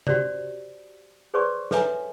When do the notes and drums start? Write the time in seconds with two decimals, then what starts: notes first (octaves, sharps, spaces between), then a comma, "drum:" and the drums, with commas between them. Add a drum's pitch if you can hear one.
0.07 F#4 G4 C5 D5, drum: tom C3
1.34 G#4 B4 C5 D5 C6 C#6
1.71 A4 B4 C#5 E5 G#5 A#5, drum: snare